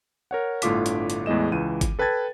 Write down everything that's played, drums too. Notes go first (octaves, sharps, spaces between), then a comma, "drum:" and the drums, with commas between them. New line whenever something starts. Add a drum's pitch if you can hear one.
A#4 C#5 F#5
G1 A2 D3 F4 D6 B6, drum: hi-hat
drum: hi-hat
drum: hi-hat
E2 A2 G#3 D#5 E7
C#2 E3 D#7
drum: kick, hi-hat
A4 B4 G5 A5 G#6 A6